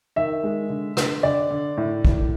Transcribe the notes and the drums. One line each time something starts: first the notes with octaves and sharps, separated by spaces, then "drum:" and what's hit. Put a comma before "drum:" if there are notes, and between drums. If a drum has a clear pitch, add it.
D#3 E5
G#3
D3
D3, drum: rim click
D3 D5
D3
A2
A2, drum: kick